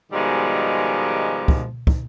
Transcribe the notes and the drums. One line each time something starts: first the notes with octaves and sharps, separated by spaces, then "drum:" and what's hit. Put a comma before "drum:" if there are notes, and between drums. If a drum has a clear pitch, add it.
G#2 B2 D#3 F3 G3 G#3
drum: kick
drum: kick